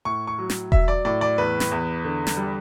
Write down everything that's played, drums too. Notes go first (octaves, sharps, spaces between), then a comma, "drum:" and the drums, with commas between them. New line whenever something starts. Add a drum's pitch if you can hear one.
A2 C#6
C#6
F#3
drum: snare
F#3 E5, drum: kick E1
D5
A2 D5
D5
E2 B4
drum: snare
E2
D3
drum: snare
G3